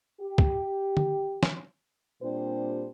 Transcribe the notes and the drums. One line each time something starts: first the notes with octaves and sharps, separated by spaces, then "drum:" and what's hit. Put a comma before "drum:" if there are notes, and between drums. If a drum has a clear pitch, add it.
G4
drum: kick
drum: tom D3
drum: snare
A#2 G3 C4 D4 G4 C5